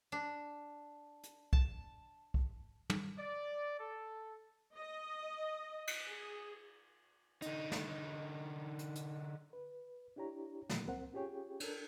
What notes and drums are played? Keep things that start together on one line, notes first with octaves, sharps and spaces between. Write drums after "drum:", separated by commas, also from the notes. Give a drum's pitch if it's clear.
D4
drum: hi-hat
A5, drum: kick
drum: kick
drum: tom
D5
A4
D#5
drum: cymbal
G#4
D3 D#4, drum: hi-hat
drum: snare
drum: hi-hat
drum: hi-hat
B4
D4 E4 G4 C#5 A#5
A#2 D3 F3 F#3 G#3 A#3, drum: snare
C#2 C4 A#4 C5 F#5
C#4 F4 G4 G#4 C#5 G5
D4 A4 A#4, drum: cymbal